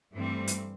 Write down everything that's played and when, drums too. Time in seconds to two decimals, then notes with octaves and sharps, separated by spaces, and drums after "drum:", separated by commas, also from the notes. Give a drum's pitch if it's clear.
0.15 G2 E3 G3 A3 C4
0.48 drum: hi-hat